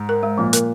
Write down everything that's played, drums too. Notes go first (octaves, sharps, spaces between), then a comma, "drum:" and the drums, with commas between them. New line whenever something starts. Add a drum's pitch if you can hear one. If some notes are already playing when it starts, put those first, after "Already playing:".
Already playing: G#2
A#4
G#3
A#2 F3
A#4, drum: hi-hat